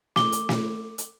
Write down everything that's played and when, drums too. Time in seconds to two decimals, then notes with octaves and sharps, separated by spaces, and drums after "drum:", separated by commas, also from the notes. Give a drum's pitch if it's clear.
0.16 D6 G7, drum: snare
0.32 drum: hi-hat
0.49 drum: snare
0.98 drum: hi-hat